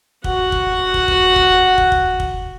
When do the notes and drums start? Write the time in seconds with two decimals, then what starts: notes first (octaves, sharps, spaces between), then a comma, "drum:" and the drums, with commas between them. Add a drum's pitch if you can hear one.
0.24 F#4 F#5, drum: kick
0.52 drum: kick
0.94 drum: kick
1.08 drum: kick
1.36 drum: kick
1.78 drum: kick
1.92 drum: kick
2.20 drum: kick